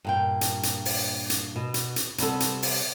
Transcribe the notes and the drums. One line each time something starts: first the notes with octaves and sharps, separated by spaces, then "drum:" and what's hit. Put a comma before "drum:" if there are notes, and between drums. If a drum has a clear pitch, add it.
G2 A#2 G5
drum: hi-hat
drum: hi-hat
drum: open hi-hat
drum: hi-hat
B2
drum: hi-hat
drum: hi-hat
C3 G3 B3 A4, drum: hi-hat
drum: hi-hat
drum: open hi-hat